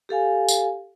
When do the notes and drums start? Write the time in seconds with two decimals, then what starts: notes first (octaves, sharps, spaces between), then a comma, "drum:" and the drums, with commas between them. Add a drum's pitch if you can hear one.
0.09 G4 A4 F5 G#5
0.49 drum: tambourine